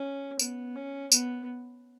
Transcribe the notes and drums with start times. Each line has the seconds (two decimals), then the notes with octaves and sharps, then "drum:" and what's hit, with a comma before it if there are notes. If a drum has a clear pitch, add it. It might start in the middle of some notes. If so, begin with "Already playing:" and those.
Already playing: C#4
0.39 B3, drum: tambourine
0.75 C#4
1.12 B3, drum: tambourine